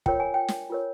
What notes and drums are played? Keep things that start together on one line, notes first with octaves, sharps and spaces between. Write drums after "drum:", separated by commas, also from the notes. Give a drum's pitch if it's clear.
F4 A#4 C#5 G5, drum: kick
G#5
G5
drum: snare
F4 A#4 C#5